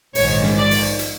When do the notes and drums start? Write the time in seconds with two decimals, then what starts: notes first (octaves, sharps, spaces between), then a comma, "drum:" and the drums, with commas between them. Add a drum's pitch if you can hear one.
0.15 A#1 G#2 D#3 C#5, drum: open hi-hat
0.43 drum: snare
0.57 D5
0.71 drum: open hi-hat
0.99 drum: hi-hat